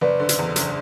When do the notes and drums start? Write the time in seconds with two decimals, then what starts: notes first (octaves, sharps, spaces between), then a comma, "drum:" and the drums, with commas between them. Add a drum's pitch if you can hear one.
0.01 F#1 B4 D5
0.19 D3
0.29 drum: hi-hat
0.38 E2
0.56 F#1, drum: hi-hat